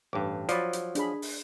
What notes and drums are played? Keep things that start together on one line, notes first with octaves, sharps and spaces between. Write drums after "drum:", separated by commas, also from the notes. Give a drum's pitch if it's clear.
A1 G2 D6
F3 F#3 D5 B5, drum: hi-hat
drum: hi-hat
D4 G#4 B5, drum: hi-hat
drum: open hi-hat